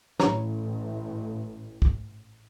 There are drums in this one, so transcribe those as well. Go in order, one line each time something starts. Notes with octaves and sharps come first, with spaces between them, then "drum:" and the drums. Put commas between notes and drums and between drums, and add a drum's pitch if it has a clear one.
A1 E4 C#5 A#5, drum: snare
drum: kick